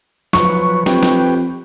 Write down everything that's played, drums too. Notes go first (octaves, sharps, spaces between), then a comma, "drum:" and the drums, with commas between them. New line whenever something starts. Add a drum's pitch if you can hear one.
F3 F#3 B4 C#6, drum: snare
F2 G4 B4 G5, drum: snare
drum: snare